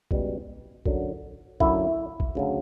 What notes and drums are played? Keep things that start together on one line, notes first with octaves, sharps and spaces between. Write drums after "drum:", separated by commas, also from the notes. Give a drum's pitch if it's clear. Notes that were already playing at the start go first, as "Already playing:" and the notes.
C#2 B2 G3, drum: kick A#1
F#2 D3 F#3, drum: kick A#1
F#2 D3 F#3 E4, drum: kick A#1
drum: kick A#1
D2 C#3 F#3